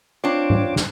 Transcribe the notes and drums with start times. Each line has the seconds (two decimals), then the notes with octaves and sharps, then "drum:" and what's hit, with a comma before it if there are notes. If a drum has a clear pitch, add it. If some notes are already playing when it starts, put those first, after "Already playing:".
0.24 C4 D4 F4 C#5 D6
0.50 drum: tom G#2
0.76 drum: snare